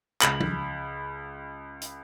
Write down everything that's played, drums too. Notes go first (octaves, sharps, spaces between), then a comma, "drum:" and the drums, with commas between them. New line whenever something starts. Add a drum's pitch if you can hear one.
C#2 B5 F#7, drum: clap
drum: tom F3
drum: hi-hat